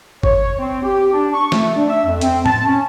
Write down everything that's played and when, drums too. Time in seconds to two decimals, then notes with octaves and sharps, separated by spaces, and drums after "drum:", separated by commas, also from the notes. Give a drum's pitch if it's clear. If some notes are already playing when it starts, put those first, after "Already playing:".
0.23 C#5, drum: kick G1
0.59 C4
0.83 G4
1.13 D4
1.34 C#6
1.52 A3, drum: snare
1.75 D4
1.89 E5
2.05 F2
2.21 C4, drum: hi-hat
2.46 A5, drum: tom
2.66 C#4